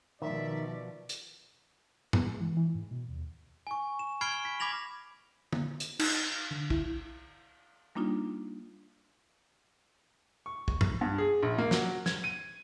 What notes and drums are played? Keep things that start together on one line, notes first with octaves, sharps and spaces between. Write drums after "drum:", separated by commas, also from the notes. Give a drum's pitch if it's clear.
B2 D#3 F3 D5 E5
drum: hi-hat
B3, drum: tom G2
G#3
E3
E3
G#2
B2
D#2
G#5 C#6
E7
B5 F6 G#6 C7 D7 G7
B6
B5 D6 G#6 A#6 F7 F#7
drum: tom
drum: hi-hat
D#4, drum: cymbal
A#6
F6
D3
E4, drum: kick
G3 A#3 D4 D#4 F4
C#6
drum: kick
drum: tom G2
G2
G#4
A#1
A#3
F#3, drum: snare
G#6, drum: snare
D#7